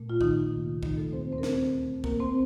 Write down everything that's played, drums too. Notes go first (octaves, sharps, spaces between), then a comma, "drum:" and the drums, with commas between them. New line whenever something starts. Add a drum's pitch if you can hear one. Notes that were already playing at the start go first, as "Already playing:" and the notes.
Already playing: A#2 A3
F4
D#3 D#4, drum: kick
D2 C3 F3 A#3
D#3 D#4, drum: kick
A3 A4
D#2 D#3 A#3 C4 C5
C4 C5
A#4
C4 C5, drum: snare
D2 D3 A3
A#3 A#4, drum: kick
C4 C5